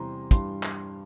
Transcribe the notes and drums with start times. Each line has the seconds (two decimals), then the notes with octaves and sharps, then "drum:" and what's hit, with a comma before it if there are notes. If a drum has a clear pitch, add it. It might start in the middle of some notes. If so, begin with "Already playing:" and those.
Already playing: E2 C3 E3 G3 A#5 C6
0.31 G2 E3 G3 C6, drum: kick, hi-hat
0.63 drum: clap